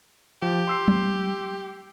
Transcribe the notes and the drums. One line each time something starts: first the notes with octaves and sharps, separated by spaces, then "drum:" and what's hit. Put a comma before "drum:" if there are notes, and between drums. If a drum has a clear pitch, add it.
F3 G4
C6 E6 C7
drum: tom F#3